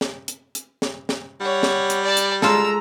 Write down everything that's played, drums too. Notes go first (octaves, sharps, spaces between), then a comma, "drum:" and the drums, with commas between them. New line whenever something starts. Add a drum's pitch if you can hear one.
drum: snare
drum: hi-hat
drum: hi-hat
drum: snare
drum: snare
G3 C#5 F#5
drum: snare
drum: hi-hat
D5 A5
drum: hi-hat
G#3 F4 A4 A#5 E6, drum: snare